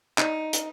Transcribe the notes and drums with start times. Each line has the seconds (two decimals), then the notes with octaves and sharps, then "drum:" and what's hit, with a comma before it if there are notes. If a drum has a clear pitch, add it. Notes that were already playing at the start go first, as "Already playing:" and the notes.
0.18 D#4, drum: clap
0.53 drum: hi-hat